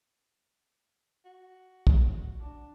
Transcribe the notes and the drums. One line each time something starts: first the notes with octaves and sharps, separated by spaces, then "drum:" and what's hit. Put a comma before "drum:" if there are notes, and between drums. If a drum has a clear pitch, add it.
F#4
drum: kick
D4